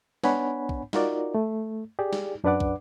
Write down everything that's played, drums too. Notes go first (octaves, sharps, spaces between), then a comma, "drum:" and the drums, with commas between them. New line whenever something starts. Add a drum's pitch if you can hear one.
B3 D4 C#5 F#5 G#5 B5, drum: snare
drum: kick
D#4 F4 F#4 A#4 D5, drum: snare
A3
G4 G#4 D5
drum: snare
F#2 D4 B4 D5 F#5 D6
drum: kick